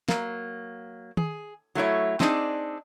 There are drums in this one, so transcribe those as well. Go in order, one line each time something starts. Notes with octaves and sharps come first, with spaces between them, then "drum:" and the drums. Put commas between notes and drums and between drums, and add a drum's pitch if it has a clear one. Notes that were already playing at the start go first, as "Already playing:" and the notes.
F#3 A#3, drum: snare
G#4, drum: tom D#3
F#3 A3 E4 C#5
C4 D4 D#4 G#4 A#4 D5, drum: snare